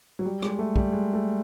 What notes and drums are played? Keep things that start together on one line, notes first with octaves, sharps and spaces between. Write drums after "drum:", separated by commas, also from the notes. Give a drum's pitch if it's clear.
F#3
G3
G#3, drum: rim click
A3
G3, drum: kick
G#3
A3